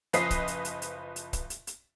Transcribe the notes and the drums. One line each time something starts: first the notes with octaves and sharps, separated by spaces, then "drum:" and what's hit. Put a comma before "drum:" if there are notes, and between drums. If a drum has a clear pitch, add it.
F#1 F3 B4 D#5 B6 C7, drum: hi-hat
drum: kick, hi-hat
drum: hi-hat
drum: hi-hat
drum: hi-hat
drum: hi-hat
drum: kick, hi-hat
drum: hi-hat
drum: hi-hat